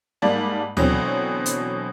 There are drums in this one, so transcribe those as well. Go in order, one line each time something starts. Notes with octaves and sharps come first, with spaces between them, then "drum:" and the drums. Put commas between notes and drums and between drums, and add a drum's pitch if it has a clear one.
G#2 G3 A#3 D5 A5
B2 D3 E3 F#3 C4, drum: tom D2
drum: hi-hat